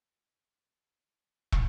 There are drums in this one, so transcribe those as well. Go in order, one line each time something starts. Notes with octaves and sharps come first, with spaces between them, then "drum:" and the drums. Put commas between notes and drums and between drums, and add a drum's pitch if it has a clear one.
A#3 C#5 F#5 B6
drum: kick